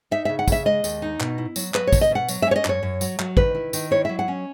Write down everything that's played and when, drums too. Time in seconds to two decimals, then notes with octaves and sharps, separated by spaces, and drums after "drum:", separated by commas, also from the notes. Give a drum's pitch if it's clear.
0.11 D#4 E5
0.25 C#3 E5
0.39 F#5
0.48 C#3 E5, drum: kick, tambourine
0.65 G#3 D#5
0.84 D#2, drum: tambourine
1.02 D#4
1.20 B2, drum: clap
1.38 E4
1.56 F#3, drum: tambourine
1.74 F#3 B4, drum: clap
1.87 C#5
1.93 B2, drum: kick, tambourine
2.01 D#5
2.11 B2 F#5
2.29 F#3, drum: tambourine
2.42 E5
2.47 C#4 C#5
2.56 D#5
2.65 F#2 C#5, drum: clap
2.83 F#2
3.01 F#3, drum: tambourine
3.19 F#3, drum: clap
3.37 D#3 B4, drum: kick
3.55 E4
3.73 D#3, drum: tambourine
3.91 E4 C#5
4.05 F#3 E5
4.19 F#5
4.28 C#4